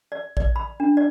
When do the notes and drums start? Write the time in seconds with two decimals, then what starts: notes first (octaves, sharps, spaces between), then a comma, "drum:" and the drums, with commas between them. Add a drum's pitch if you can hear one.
0.12 D5
0.37 D5, drum: kick A1
0.56 B5
0.80 D4
0.97 D5